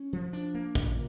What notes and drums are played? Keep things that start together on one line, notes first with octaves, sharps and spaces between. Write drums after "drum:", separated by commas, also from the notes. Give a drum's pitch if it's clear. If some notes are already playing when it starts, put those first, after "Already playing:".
Already playing: C#4
F3
D4
A#3
A#2, drum: kick